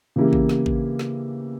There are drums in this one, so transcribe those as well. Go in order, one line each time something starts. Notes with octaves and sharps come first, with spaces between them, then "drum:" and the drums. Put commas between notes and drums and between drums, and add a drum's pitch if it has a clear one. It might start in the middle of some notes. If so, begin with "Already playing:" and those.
C#3 E3 A#3 E4 G4
drum: kick G#1
drum: snare
drum: kick G#1
drum: snare